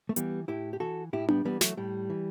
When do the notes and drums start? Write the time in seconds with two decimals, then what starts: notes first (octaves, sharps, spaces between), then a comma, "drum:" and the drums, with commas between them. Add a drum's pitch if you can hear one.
0.09 A3
0.16 E3 G3 B3, drum: hi-hat
0.48 A2 E4 G4
0.73 G4
0.80 E3 F#4 A4
1.13 A2 E4 G4
1.29 G3 B3, drum: tom D4
1.45 E3 G3 B3
1.61 F#3 A3, drum: snare
1.77 A2 G3
2.10 E3